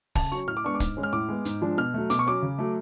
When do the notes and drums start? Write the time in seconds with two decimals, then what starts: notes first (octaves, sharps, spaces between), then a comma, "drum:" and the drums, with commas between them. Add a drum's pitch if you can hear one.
0.15 C#3 A5, drum: kick, open hi-hat
0.32 F#3 C#4 C#6
0.48 A2 F6
0.57 D6
0.64 G#3 B3 D4 C#6
0.75 D6
0.80 G#2, drum: kick, hi-hat
0.97 G#3 C#4
1.03 F6
1.13 A2 D6
1.29 G#3 B3
1.45 G#2, drum: hi-hat
1.62 F3 G#3 D4
1.78 B2 F6
1.94 F#3 A3
2.10 B2 D6, drum: hi-hat
2.19 C#6
2.27 F#3 C#4 D6
2.42 C#3
2.58 F#3 A3